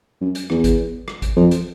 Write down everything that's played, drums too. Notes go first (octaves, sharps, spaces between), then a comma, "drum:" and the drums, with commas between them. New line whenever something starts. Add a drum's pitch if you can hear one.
F#2
drum: hi-hat
E2, drum: rim click
drum: kick G#1, hi-hat
drum: rim click
drum: kick G#1, hi-hat
F2
drum: hi-hat